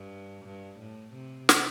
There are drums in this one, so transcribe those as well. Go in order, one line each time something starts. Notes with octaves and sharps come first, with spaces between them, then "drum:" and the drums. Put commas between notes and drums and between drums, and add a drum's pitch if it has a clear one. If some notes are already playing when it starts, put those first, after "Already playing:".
Already playing: G2
G2
A2
C3
drum: snare